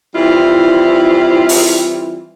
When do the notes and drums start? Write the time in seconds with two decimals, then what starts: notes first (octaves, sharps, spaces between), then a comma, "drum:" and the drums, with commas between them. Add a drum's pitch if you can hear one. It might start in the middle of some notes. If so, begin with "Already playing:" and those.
0.14 E3 G3 C4 E4 F4
1.49 drum: open hi-hat